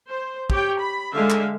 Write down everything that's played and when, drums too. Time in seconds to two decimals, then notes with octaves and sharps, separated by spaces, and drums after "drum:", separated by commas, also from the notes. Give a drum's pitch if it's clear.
0.10 C5
0.50 G4 C#5 G5, drum: kick
0.80 B5
1.12 D3 G#3 E5 F5
1.30 drum: clap